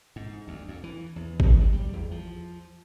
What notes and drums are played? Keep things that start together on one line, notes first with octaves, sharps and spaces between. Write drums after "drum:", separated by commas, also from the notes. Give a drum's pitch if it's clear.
G#2
D2
F2
E3
E2
drum: kick G#1
G3
G3
E2
F3